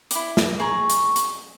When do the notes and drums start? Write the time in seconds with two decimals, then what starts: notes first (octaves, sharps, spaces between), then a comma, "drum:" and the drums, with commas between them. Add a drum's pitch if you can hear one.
0.11 E4 D6, drum: hi-hat
0.37 drum: snare
0.60 G#4 A#5 C#6
0.90 drum: hi-hat
1.16 drum: hi-hat